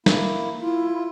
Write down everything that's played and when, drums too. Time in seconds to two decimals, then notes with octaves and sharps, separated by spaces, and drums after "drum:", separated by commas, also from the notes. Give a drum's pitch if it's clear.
0.06 A#3 E4, drum: snare
0.61 E4 F4